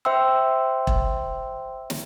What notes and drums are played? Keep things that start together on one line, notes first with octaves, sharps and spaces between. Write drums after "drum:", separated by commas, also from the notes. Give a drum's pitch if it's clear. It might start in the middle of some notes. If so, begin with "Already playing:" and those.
C5 E5 G5 C6 E6
drum: kick E1
drum: snare